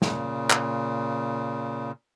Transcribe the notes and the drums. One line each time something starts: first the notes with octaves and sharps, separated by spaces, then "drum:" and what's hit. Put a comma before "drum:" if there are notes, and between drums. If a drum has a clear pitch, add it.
A#2 C#3, drum: snare
drum: clap